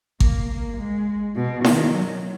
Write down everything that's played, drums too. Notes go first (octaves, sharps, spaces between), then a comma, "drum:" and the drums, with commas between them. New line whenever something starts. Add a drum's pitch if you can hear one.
A#3, drum: kick G#1
A#3
G#3
B2
D#3, drum: snare E4
F#3